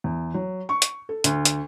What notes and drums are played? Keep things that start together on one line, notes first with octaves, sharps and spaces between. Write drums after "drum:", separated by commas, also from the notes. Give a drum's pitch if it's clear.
E2
F#3
C#6
drum: hi-hat
A4
D2, drum: hi-hat
drum: hi-hat